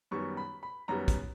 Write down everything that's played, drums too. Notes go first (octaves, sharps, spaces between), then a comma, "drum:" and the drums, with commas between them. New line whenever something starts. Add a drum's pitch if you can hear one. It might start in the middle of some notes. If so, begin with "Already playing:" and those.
F#2 D#3 G3 B3 C#6
B5
B5
F#2 D#3 G3 B3 A#5
drum: kick, hi-hat